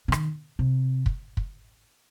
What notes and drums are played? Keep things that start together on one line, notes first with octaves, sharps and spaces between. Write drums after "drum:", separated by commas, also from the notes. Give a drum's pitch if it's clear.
C#3
D#3, drum: rim click
C3
drum: kick
drum: kick